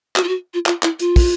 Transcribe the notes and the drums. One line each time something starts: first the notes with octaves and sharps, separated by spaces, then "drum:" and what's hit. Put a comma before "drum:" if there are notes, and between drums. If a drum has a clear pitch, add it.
F#4, drum: clap
F4
F#4
F4
F4, drum: clap
E4, drum: clap
F4, drum: hi-hat
drum: kick, open hi-hat